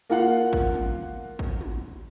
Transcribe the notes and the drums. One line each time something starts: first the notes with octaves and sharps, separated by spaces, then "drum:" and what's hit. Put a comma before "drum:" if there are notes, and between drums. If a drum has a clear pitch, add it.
A#3 F4 F#5
drum: kick
drum: tom
drum: kick
drum: tom